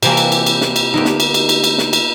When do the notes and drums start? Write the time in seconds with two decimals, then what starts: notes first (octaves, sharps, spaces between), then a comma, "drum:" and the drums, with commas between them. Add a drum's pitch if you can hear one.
0.03 C3 E3 A#3 C5 G5 G#5, drum: cymbal
0.17 drum: cymbal
0.32 drum: cymbal
0.46 drum: cymbal
0.61 drum: snare
0.76 drum: cymbal
0.94 D2 A#3 B3 D#4 G4
1.05 drum: snare
1.20 drum: cymbal
1.34 drum: cymbal
1.49 drum: cymbal
1.64 drum: cymbal
1.78 drum: snare
1.93 drum: cymbal